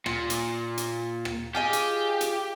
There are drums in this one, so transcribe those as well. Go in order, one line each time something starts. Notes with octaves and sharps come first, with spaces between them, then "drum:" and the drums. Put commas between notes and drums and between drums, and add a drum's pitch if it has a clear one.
A#2, drum: rim click
drum: hi-hat
drum: hi-hat
drum: rim click
F4 G4 G#4 D#5
drum: hi-hat
drum: hi-hat